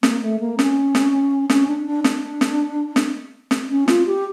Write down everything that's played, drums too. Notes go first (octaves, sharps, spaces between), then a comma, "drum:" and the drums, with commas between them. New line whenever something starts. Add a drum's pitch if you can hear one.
A#3, drum: snare
A3
A#3
C#4, drum: snare
drum: snare
C#4, drum: snare
D4
D4
D4, drum: snare
drum: snare
drum: snare
drum: snare
C#4
F4, drum: snare
G4